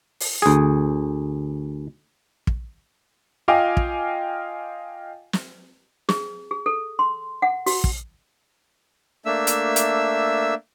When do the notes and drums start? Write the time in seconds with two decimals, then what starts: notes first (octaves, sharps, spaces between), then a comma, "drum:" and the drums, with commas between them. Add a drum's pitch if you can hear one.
0.20 drum: open hi-hat
0.42 D2 G#4
2.47 drum: kick
3.48 F4 D#5 F5 G5 G#5 D6
3.77 drum: kick
5.33 drum: snare
6.09 G#4, drum: snare
6.51 G#4
6.66 A4
6.99 C6
7.42 F#5
7.66 F#4, drum: open hi-hat
7.84 drum: kick
9.26 A3 A#3 D4 E5 E6
9.47 drum: hi-hat
9.76 drum: hi-hat